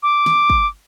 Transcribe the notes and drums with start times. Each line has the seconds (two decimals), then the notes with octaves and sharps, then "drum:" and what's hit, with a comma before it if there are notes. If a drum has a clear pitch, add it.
0.03 D6
0.26 drum: snare
0.50 drum: kick